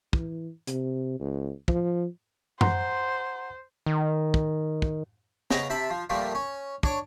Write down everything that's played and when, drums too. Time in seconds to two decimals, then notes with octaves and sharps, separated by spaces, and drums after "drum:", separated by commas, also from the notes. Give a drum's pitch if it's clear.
0.13 E3, drum: kick
0.67 C3, drum: hi-hat
1.20 C#2
1.68 F3, drum: kick
2.61 C5 F#5 A#5 C6, drum: tom F#2
3.86 D#3
4.34 drum: kick
4.82 drum: kick
5.50 C#3 B3 D#5 A#5, drum: snare
5.70 C3 E5 A5 B5
5.90 F3
6.10 A#2 F3 G3 A3
6.35 C#4
6.83 D4 C#5 D6, drum: kick